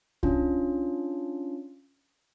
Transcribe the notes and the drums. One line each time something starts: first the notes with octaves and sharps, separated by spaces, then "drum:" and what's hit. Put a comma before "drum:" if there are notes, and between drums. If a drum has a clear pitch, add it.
C#4 D4 F4, drum: kick C2